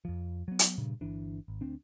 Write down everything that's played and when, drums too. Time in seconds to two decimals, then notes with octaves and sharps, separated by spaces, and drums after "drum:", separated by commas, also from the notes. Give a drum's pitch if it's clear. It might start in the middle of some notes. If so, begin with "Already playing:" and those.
0.05 F2 F3
0.48 F#3 B3
0.59 drum: hi-hat
0.78 G2 A#2 C#3
1.01 G1 E3 D4
1.48 G#1
1.61 D2 C4 D4